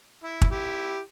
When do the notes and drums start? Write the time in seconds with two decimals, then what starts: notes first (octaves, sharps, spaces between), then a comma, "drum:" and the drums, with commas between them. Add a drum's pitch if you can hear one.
0.24 E4
0.42 drum: kick
0.52 E4 G4